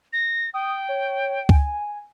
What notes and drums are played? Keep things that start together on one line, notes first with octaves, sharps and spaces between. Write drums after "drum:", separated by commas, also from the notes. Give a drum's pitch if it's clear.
A#6
G5 D#6
C#5
G#5, drum: kick C#2